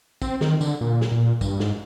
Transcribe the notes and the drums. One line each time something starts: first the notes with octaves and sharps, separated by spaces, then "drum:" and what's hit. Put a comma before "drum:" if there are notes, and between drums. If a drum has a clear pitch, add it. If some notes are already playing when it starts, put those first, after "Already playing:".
C4, drum: kick, tambourine
D#3, drum: snare
D3, drum: tambourine
A#2
drum: snare
A#2
G2, drum: kick, tambourine
G#2, drum: snare